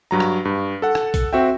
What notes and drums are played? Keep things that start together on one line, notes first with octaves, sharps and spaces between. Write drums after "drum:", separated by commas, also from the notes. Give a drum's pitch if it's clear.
G2 F#3 A#5
drum: rim click
G2
A4 F#5
drum: rim click
drum: kick A#1, hi-hat
C4 F#4 E5 G5